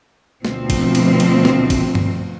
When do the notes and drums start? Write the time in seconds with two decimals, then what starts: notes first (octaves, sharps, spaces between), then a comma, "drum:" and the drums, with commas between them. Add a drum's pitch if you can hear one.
0.45 D2 B2 F3 C4, drum: snare
0.70 drum: kick, cymbal
0.95 drum: cymbal
1.20 drum: cymbal
1.45 drum: snare
1.70 drum: kick, cymbal
1.95 drum: tom G2